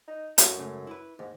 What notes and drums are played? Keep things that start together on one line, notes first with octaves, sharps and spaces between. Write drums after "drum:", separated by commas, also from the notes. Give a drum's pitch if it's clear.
D#4
F#2 C#4 F#4 A4, drum: hi-hat
G#2 C#3 A3
E4 B4
D#2 G#2